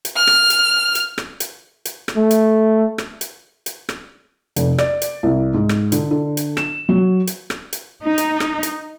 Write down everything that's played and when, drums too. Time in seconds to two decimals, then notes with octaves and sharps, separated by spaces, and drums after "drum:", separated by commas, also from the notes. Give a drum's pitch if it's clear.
0.05 drum: hi-hat
0.16 F6
0.27 drum: rim click
0.50 drum: hi-hat
0.95 drum: hi-hat
1.18 drum: rim click
1.40 drum: hi-hat
1.85 drum: hi-hat
2.08 drum: rim click
2.17 A3
2.31 drum: hi-hat
2.98 drum: rim click
3.21 drum: hi-hat
3.66 drum: hi-hat
3.89 drum: rim click
4.56 F1, drum: hi-hat
4.78 D5, drum: rim click
5.02 drum: hi-hat
5.23 C2
5.54 G#2
5.69 drum: rim click
5.92 D3, drum: hi-hat
6.11 D3
6.37 drum: hi-hat
6.57 E7, drum: rim click
6.89 F#3
7.27 drum: hi-hat
7.50 drum: rim click
7.73 drum: hi-hat
8.04 D#4
8.18 drum: hi-hat
8.40 drum: rim click
8.63 drum: hi-hat